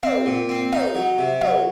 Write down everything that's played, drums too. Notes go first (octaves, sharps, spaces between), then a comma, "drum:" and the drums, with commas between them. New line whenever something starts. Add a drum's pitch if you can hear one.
C4, drum: tom
A#2
C4
D#4, drum: tom
F#3
C3
F#3, drum: tom